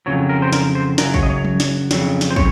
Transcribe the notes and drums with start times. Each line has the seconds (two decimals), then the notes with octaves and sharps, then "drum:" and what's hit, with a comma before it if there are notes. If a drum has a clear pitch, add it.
0.06 F2 C#3 F#3 C#5
0.29 A#4
0.42 C5
0.53 A#4, drum: snare
0.75 C5
0.98 F#2 C#3 F#3 A#4, drum: snare
1.14 C#5, drum: kick
1.23 D#5
1.30 C#5
1.44 drum: tom F3
1.60 drum: snare
1.91 F2 C#3 F#3, drum: snare
2.21 drum: snare
2.30 C5
2.36 C#5, drum: kick